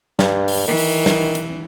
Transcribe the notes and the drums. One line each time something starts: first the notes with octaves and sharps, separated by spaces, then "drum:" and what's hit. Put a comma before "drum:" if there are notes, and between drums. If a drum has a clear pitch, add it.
G2, drum: snare
drum: open hi-hat
D#3 E3
drum: open hi-hat
drum: snare
drum: hi-hat